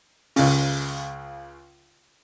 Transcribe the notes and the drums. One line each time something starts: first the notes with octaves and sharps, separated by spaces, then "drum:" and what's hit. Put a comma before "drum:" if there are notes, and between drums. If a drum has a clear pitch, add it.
C#2 C#3, drum: open hi-hat